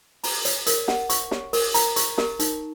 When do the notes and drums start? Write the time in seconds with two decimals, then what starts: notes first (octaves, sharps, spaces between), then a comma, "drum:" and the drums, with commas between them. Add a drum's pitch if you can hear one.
0.24 A#5, drum: open hi-hat
0.45 C#5, drum: hi-hat
0.66 A#4, drum: hi-hat
0.88 F#5, drum: snare
1.10 C#6, drum: hi-hat
1.31 C#5, drum: snare
1.53 A#4, drum: open hi-hat
1.74 A#5, drum: hi-hat
1.96 C#6, drum: hi-hat
2.18 A#4, drum: snare
2.39 D#4, drum: hi-hat